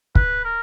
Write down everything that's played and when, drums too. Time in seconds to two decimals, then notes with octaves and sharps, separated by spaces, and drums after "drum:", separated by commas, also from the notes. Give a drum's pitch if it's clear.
0.15 B4, drum: kick
0.44 A#4